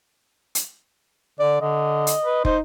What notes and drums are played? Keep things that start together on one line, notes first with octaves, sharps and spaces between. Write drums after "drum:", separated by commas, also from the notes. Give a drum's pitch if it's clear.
drum: hi-hat
D3 D5
D3 D#5
drum: hi-hat
B4
D#4 C5, drum: kick